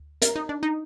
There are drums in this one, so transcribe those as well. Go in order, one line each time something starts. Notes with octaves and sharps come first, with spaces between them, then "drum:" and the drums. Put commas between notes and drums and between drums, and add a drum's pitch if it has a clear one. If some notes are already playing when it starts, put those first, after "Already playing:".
Already playing: D2
A#4, drum: hi-hat
D#4
D4
D#4